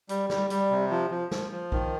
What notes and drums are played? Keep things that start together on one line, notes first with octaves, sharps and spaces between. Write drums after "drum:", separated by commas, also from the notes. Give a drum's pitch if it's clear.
G3, drum: hi-hat
G3, drum: snare
G3, drum: hi-hat
C3
F3
F3
F3, drum: snare
F3
D#3, drum: kick B1